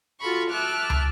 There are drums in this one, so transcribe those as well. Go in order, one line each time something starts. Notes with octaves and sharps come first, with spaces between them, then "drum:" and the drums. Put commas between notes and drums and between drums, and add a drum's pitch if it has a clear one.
F4 F#4 A4 B5 C#6
E5 A5 D6 F6 F#6
drum: tom